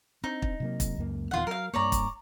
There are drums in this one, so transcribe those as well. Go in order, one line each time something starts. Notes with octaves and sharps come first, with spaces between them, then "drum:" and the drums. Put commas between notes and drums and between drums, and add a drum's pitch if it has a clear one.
C4 D4 D#4
drum: kick
C3 F#3 A#3
drum: kick, hi-hat
C#2 F#2 A#3
D#1 E2 D#3 F4 F#5
F#3 A#4 F5
G2 A#3 C#5 D5 A#5
drum: kick, hi-hat